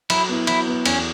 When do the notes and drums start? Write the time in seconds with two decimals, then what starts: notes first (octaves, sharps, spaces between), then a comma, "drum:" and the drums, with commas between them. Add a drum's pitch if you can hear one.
0.10 F#3 E4, drum: cymbal
0.29 B3 E4
0.47 F#3 E4, drum: cymbal
0.67 B3 E4
0.86 E2 C#4, drum: cymbal